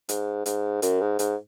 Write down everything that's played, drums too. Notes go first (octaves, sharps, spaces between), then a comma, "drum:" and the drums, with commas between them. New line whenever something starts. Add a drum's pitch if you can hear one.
G#2, drum: hi-hat
G#2, drum: hi-hat
F#2, drum: hi-hat
G#2
G#2, drum: hi-hat